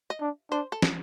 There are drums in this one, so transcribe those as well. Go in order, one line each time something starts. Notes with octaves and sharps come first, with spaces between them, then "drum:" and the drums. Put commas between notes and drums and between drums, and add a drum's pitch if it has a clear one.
D#5
D4
D4 C5
A4
drum: snare